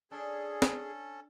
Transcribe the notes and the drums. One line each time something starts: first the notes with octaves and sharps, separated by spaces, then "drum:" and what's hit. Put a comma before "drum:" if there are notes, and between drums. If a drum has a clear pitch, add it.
C#4 D4 G#4 A4
drum: snare